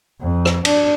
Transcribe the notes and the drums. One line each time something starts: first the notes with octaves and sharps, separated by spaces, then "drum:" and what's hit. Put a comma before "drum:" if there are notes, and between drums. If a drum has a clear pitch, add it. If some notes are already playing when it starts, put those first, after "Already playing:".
F2
drum: rim click
D4, drum: cymbal